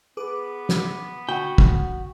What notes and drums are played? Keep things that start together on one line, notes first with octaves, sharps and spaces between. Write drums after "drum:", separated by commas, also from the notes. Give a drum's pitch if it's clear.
B3 G#4 B4 D6
drum: snare
D3 F#4 G5 G#5
drum: kick